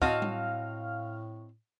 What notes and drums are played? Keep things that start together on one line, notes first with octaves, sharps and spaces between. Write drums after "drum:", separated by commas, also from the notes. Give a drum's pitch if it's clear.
A2 C4 F#4 D#5 F5 A5 F6, drum: kick
drum: tom G3